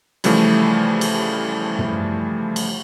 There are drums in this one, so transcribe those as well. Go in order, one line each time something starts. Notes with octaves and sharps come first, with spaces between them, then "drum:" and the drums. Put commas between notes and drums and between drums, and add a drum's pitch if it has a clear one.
C#3 E3 F3 G3 A3, drum: cymbal
drum: cymbal
drum: tom
drum: cymbal